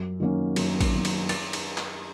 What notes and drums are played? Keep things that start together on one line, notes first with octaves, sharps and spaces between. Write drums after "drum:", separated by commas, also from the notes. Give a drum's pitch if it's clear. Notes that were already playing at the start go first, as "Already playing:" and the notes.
Already playing: F#2
D#3 F#3 A#3 C#4
F#2, drum: cymbal
drum: kick A1, cymbal
D#3 F#3 A#3 C#4
drum: cymbal
A6, drum: cymbal
drum: cymbal
drum: clap